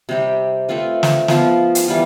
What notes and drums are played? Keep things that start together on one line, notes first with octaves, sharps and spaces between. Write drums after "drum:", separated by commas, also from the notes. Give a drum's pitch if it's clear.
C3 G3 C4 G4
A3 C4 F4 B4
drum: snare
F3 B3 F4, drum: snare
drum: hi-hat
E3 G3 B3 F4